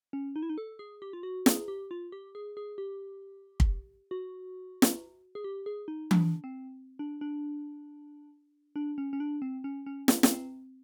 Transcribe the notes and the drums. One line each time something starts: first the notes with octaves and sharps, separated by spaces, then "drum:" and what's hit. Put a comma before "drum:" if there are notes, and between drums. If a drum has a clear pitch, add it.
C#4
D#4
E4
D#4
A4
G#4
G4
F4
F#4
G#4, drum: snare
G4
F4
G4
G#4
G#4
G4
drum: kick
F#4
drum: snare
G#4
G4
G#4
D#4
D4, drum: tom E3
C4
D4
D4
D4
C#4
C#4
D4
C4
C#4
C#4
B3, drum: snare
B3, drum: snare
C4